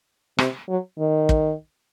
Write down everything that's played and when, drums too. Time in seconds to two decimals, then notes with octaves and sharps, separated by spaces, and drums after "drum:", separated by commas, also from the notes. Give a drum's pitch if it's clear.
0.38 C3, drum: rim click
0.69 F#3
0.99 D#3
1.29 drum: kick